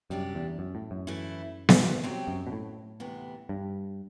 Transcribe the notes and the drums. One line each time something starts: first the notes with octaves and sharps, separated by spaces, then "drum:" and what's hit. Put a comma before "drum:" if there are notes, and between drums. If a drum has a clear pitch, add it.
F#2 C3 G3 D4 G4
E2
F#2
A2
F#2
E3 A3 E4
drum: snare B3
F#3 C4 G4
F#2
B2
A2
D2 C3 E3 B3
G2